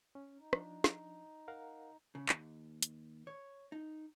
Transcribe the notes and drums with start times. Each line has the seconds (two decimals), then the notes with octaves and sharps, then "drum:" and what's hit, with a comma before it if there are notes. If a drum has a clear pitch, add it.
0.15 C#4
0.38 D#4
0.53 F3 D4, drum: rim click
0.84 drum: snare
1.48 A#4 F5 F#5
2.15 C#3
2.29 D#2, drum: clap
2.83 drum: hi-hat
3.27 C#5
3.72 D#4